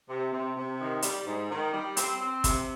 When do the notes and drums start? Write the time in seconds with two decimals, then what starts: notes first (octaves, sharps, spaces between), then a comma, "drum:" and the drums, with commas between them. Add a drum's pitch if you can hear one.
0.09 C3
0.32 C3
0.56 C3
0.80 D#3
1.02 G3, drum: hi-hat
1.26 G#2
1.50 D#3
1.74 G3
1.97 C4, drum: hi-hat
2.20 C4
2.44 C3, drum: kick, hi-hat